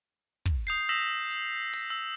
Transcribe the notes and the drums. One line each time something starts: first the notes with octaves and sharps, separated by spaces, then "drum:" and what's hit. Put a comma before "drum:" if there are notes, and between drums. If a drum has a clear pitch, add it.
drum: kick, hi-hat
D#6 G6 C7
D#6 E6 A#6 B6 E7, drum: hi-hat
drum: hi-hat
drum: open hi-hat
E6